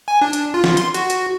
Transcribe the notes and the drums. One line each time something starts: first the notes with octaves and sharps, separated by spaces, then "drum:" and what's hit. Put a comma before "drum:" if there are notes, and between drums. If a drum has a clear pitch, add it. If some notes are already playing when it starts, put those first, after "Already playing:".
G#5
D4
drum: hi-hat
F4
drum: snare
C6, drum: hi-hat
F#4, drum: hi-hat
drum: hi-hat